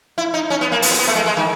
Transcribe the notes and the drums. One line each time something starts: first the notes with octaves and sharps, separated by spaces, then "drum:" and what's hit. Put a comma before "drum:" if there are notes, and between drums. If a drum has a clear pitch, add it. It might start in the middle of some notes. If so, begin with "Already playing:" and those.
E4
D#4
C#4
B3
A#3
B3, drum: open hi-hat
C4
B3
A3
G#3
G#3
D#3